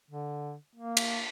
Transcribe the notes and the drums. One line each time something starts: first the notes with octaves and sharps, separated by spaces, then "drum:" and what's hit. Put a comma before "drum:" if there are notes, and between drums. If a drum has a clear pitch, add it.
D3
A#3
drum: cymbal